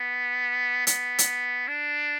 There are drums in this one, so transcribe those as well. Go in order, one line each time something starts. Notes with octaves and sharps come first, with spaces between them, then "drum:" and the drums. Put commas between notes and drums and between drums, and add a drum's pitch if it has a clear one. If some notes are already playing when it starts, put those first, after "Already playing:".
Already playing: B3
B3, drum: hi-hat
drum: hi-hat
D4